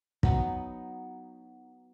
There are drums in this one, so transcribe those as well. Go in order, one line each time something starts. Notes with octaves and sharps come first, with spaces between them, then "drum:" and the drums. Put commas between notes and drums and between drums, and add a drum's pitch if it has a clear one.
F#3 B3 D#4, drum: kick